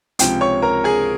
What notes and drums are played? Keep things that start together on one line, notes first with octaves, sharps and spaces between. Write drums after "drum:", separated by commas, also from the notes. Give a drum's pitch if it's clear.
C#2 C3 F3 G5, drum: hi-hat
C#5 C#6
A#4 A#5
G#4 G#5